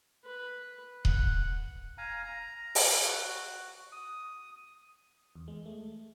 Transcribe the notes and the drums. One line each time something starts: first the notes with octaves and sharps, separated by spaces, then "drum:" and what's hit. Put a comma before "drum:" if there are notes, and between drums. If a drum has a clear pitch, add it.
B4
F#5, drum: kick D#1
F5 G#5 A#5
A#5
drum: open hi-hat
F#4
D#6
E2
G#3
A3